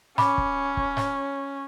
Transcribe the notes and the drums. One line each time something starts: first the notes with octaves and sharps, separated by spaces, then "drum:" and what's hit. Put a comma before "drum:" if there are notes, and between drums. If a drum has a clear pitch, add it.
C#4 B5 D6, drum: snare G#2
drum: kick
drum: kick
drum: snare G#2